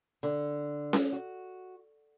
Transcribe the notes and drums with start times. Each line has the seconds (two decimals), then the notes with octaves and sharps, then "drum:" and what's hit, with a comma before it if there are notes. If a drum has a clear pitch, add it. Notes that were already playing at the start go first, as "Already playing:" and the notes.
0.23 D3
0.93 drum: snare C#4
1.12 F#4